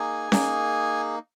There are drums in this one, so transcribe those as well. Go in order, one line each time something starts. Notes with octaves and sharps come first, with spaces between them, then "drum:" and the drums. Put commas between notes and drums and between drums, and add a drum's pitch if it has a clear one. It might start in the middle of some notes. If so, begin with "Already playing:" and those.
Already playing: A#3 D#4 G#4 G#5
A#3 D#4 G#4, drum: snare C#4